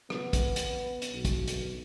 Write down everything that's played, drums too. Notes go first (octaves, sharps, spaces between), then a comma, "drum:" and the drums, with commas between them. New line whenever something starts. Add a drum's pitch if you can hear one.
B3, drum: rim click
drum: kick, hi-hat
drum: hi-hat
drum: hi-hat
B1
drum: kick, hi-hat
drum: hi-hat